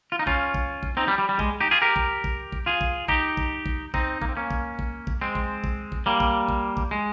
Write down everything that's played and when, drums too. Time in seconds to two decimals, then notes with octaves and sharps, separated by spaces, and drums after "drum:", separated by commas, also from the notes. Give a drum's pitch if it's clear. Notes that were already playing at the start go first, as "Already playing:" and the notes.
0.12 F4
0.19 D#4
0.27 C#4 F4, drum: kick B1
0.54 drum: kick B1
0.83 drum: kick B1
0.97 C4 D#4
1.08 G3
1.18 G3
1.29 G3
1.39 G#3, drum: kick B1
1.60 D#4 G4
1.71 F4 G#4
1.82 G4 A#4
1.96 drum: kick B1
2.24 drum: kick B1
2.52 drum: kick B1
2.66 F4 G#4
2.81 drum: kick B1
3.08 D#4 G4, drum: kick B1
3.37 drum: kick B1
3.66 drum: kick B1
3.94 C4 D#4, drum: kick B1
4.22 A#3, drum: kick B1
4.29 C4
4.37 A#3 C#4
4.51 drum: kick B1
4.79 drum: kick B1
5.07 drum: kick B1
5.21 G#3 C4
5.35 drum: kick B1
5.64 drum: kick B1
5.92 drum: kick B1
6.06 G3 A#3
6.20 drum: kick B1
6.49 drum: kick B1
6.77 drum: kick B1
6.91 G#3